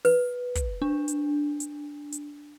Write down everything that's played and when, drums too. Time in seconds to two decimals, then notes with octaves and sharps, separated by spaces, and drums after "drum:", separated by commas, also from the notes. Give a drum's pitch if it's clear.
0.05 B4, drum: open hi-hat
0.55 drum: kick, hi-hat
0.82 D4
1.08 drum: hi-hat
1.60 drum: hi-hat
2.12 drum: hi-hat